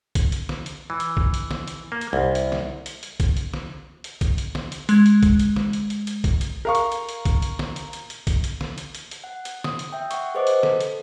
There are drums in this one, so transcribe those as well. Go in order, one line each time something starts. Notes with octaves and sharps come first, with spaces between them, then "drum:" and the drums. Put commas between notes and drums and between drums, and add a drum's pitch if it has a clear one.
drum: kick A#1, hi-hat
drum: hi-hat
drum: snare
drum: hi-hat
E3
drum: hi-hat
drum: kick A#1
drum: hi-hat
drum: snare
drum: hi-hat
A#3
drum: hi-hat
C2
drum: hi-hat
drum: snare
drum: hi-hat
drum: hi-hat
drum: kick A#1, hi-hat
drum: hi-hat
drum: snare
drum: hi-hat
drum: kick A#1, hi-hat
drum: hi-hat
drum: snare
drum: hi-hat
G#3 G#6, drum: hi-hat
drum: hi-hat
drum: kick A#1, hi-hat
drum: hi-hat
drum: snare
drum: hi-hat
drum: hi-hat
drum: hi-hat
drum: kick A#1, hi-hat
drum: hi-hat
A#4 F5 C#6
drum: hi-hat
drum: hi-hat
drum: hi-hat
drum: kick A#1, hi-hat
drum: hi-hat
drum: snare
drum: hi-hat
drum: hi-hat
drum: hi-hat
drum: kick A#1, hi-hat
drum: hi-hat
drum: snare
drum: hi-hat
drum: hi-hat
drum: hi-hat
F#5
drum: hi-hat
D#6, drum: snare
drum: hi-hat
E5 G5
F#5 C#6, drum: hi-hat
G#4 B4 C5 D#5 F#5 D6
drum: hi-hat
A4, drum: snare
drum: hi-hat